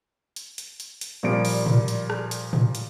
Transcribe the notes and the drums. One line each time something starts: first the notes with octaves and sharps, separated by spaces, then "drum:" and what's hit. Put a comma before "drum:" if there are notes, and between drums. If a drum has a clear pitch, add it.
drum: hi-hat
drum: hi-hat
drum: hi-hat
drum: hi-hat
A#2 F3 G3 D7
drum: open hi-hat
drum: tom A2
drum: hi-hat
drum: rim click
drum: hi-hat
drum: tom A2
drum: hi-hat